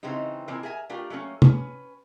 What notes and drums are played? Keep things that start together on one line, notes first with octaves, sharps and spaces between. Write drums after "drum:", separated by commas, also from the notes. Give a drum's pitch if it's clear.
C#3 E3 G#3 C4 D#4
A#2 E3 G#3 C4 D4 A#4
G#4 A#4 E5 G#5
A3 D4 F4 G4 A#4
F#3 A3 A#3 C#4
C#4 B4, drum: tom